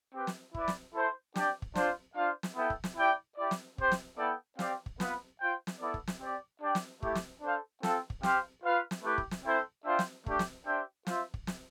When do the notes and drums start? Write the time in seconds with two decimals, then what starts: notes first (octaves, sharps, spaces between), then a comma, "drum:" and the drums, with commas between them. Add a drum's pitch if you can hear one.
0.14 C4 G4 B4
0.27 drum: snare
0.55 E4 B4 D5, drum: kick
0.68 drum: snare
0.95 E4 A4 C5
1.36 D4 G4 D5 G5, drum: snare
1.62 drum: kick
1.75 D4 F4 C5, drum: snare
2.16 D4 F4 C5 F5
2.43 drum: snare
2.56 B3 E4 A4 E5 G5
2.70 drum: kick
2.84 drum: snare
2.97 E4 G4 D5 G5
3.37 E4 G4 D5
3.51 drum: snare
3.78 C4 G4 C5, drum: kick
3.92 drum: snare
4.18 B3 E4 A4 D5 G5
4.59 C4 G4 D5 F5, drum: snare
4.86 drum: kick
5.00 B3 F4 B4, drum: snare
5.40 F4 C5 G5
5.67 drum: snare
5.80 B3 E4 A4 D5
5.94 drum: kick
6.07 drum: snare
6.21 C4 G4 D5
6.62 D4 G4 D5 G5
6.75 drum: snare
7.03 A3 E4 G4, drum: kick
7.15 drum: snare
7.42 D4 A4 C5 F5
7.83 C4 F4 A4, drum: snare
8.10 drum: kick
8.23 C4 G4 C5 F5, drum: snare
8.64 F4 B4 F5
8.91 drum: snare
9.04 A3 E4 G4 B4
9.18 drum: kick
9.31 drum: snare
9.45 C4 E4 A4 C5
9.85 D4 F4 C5 E5 G5
9.99 drum: snare
10.26 A3 D4 G4, drum: kick
10.39 drum: snare
10.66 D4 G4 C5 E5 G5
11.07 F4 C5 E5, drum: snare
11.34 drum: kick
11.47 drum: snare